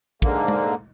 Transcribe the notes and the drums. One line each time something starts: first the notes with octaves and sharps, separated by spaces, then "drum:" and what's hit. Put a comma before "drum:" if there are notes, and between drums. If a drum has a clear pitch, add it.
G#2 D3 A#3, drum: kick
drum: tom G#3